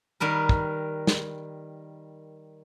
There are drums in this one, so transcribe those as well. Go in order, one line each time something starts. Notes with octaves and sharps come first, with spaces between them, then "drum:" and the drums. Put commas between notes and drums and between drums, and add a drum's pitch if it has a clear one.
D#3 G3 A#4 B4
drum: kick
drum: snare